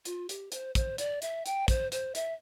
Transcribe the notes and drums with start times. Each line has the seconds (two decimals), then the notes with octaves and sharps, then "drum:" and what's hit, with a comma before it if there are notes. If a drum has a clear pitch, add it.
0.05 F4, drum: hi-hat
0.29 G4, drum: hi-hat
0.52 C5, drum: hi-hat
0.75 C5, drum: kick, hi-hat
0.98 D5, drum: hi-hat
1.22 E5, drum: hi-hat
1.46 G5, drum: hi-hat
1.68 C5, drum: kick, hi-hat
1.92 C5, drum: hi-hat
2.15 E5, drum: hi-hat